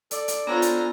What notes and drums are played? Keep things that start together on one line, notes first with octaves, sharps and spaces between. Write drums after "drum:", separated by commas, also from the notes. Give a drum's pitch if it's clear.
A4 D5, drum: hi-hat
drum: hi-hat
B3 D4 F4 A4 C5 C#5 G#5 A#5
drum: hi-hat